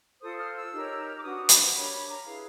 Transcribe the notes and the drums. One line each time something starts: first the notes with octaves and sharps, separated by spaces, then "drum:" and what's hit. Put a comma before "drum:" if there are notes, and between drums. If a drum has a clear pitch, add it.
F4 A4 C5 D#6
F6
E6
D#4 G4 A#4 C#5
D6
D4 F#4 B4 D#6
B5, drum: hi-hat
D4 G4 A#4 C#5 B5
B5
A#5
E4 G#4 B4 F5